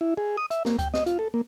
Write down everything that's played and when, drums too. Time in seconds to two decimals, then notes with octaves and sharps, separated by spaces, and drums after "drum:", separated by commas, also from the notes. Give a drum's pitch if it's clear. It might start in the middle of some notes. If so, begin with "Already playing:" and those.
0.01 E4
0.17 G#4
0.37 D#6
0.51 E5, drum: hi-hat
0.65 A#3, drum: snare
0.79 G5, drum: kick C#2, hi-hat
0.94 D#5, drum: snare
1.06 F4, drum: hi-hat
1.19 A4
1.34 A#3